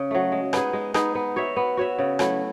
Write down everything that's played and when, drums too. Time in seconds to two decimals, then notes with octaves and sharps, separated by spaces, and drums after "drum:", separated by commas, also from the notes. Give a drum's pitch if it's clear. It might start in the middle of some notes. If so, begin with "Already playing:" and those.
Already playing: C#3
0.11 F#3 A3
0.32 G#3
0.53 B3 D#4 G#4, drum: rim click
0.73 G#3
0.94 B3 D#4 G#4, drum: rim click
1.15 B3
1.36 F#4 C#5 E5
1.56 B3
1.77 F#4 C#5 E5
1.98 C#3
2.19 F#3 A3 E4, drum: rim click